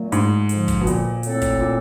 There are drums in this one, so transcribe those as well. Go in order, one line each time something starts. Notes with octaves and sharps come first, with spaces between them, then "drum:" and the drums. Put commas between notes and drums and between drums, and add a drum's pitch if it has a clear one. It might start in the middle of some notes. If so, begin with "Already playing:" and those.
Already playing: A#2 F#3 A3
G#2, drum: hi-hat
F2 D3 F3, drum: hi-hat
drum: kick, hi-hat
B2
A#2, drum: hi-hat
F#3 A3 C4 E4 A4, drum: hi-hat
drum: kick, hi-hat
A#2